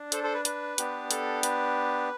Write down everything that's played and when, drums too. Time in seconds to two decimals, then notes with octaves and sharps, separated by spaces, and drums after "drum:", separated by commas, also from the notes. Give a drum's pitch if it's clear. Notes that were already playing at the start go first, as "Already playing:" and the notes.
Already playing: D4
0.12 A4 C5, drum: hi-hat
0.23 A4 C5
0.34 B4
0.45 B4, drum: hi-hat
0.78 B3 D4 G4, drum: hi-hat
1.11 A4, drum: hi-hat
1.43 B4, drum: hi-hat